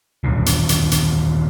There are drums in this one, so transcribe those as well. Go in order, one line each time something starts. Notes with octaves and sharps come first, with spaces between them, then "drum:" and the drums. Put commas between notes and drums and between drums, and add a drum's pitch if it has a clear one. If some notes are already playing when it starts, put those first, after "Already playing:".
D#2 A#2 D#3 E3
drum: hi-hat
drum: hi-hat
drum: hi-hat